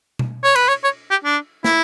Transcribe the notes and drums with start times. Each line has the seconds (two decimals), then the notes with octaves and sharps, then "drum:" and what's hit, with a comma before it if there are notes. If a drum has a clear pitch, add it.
0.19 drum: tom B2
0.44 C#5
0.56 B4, drum: cymbal
0.69 C#5
0.84 C#5
1.11 G4
1.25 D4
1.64 E4, drum: snare